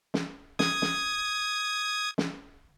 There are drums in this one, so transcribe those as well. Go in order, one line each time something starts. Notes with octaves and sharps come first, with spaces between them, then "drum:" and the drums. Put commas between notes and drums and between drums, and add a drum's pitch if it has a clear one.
drum: snare
D#6 G#6, drum: snare
drum: snare
drum: snare